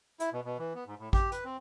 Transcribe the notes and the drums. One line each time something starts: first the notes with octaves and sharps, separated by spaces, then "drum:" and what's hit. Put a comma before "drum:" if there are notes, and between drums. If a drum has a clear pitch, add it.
E4, drum: hi-hat
B2
B2
E3
B3
G#2
A2
G4, drum: kick A1
B4, drum: hi-hat
C4